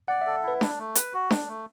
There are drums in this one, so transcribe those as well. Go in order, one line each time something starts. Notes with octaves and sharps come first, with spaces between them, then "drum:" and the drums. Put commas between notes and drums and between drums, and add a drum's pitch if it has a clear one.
D5 F#5
A4 E5
E4 B4
D4, drum: snare D4
A3
B4, drum: hi-hat
F#4
D4, drum: snare D4
A3